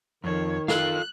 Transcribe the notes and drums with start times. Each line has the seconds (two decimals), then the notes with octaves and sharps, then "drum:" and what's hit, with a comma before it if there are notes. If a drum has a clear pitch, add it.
0.24 F2 D#3 F3 C#5
0.68 F4 A4 F5 F#6, drum: snare